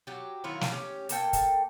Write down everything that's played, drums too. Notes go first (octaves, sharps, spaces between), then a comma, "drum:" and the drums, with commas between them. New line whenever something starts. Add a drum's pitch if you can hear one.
F#3 G4
D#3 F#3 E4 F4
drum: snare
C#4 G4
A#3 A4 G5, drum: hi-hat
drum: kick, hi-hat